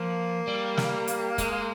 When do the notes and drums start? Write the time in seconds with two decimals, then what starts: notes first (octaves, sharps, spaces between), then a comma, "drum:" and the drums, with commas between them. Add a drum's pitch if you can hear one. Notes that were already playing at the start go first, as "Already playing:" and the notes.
Already playing: F3 A#3
0.47 G3
0.77 drum: snare
1.07 drum: hi-hat
1.38 G#3, drum: kick, hi-hat